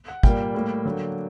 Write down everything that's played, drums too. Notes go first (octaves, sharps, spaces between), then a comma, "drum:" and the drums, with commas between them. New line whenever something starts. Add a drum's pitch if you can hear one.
F#5
A#2 G3 A#3 G5, drum: kick
A2 G3 A#3
D3 F#3 A#3